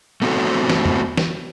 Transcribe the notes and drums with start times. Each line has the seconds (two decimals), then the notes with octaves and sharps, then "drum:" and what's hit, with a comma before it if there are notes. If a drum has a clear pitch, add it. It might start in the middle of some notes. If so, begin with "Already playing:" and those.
0.22 A3 B3 C4 F#4 A4
0.70 drum: snare
0.86 drum: tom E2
1.17 drum: snare